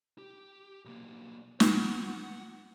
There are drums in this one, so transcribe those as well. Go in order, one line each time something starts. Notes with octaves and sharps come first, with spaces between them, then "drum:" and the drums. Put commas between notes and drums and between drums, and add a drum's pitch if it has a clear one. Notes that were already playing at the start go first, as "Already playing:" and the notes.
G4
B1 A#3
F#5, drum: snare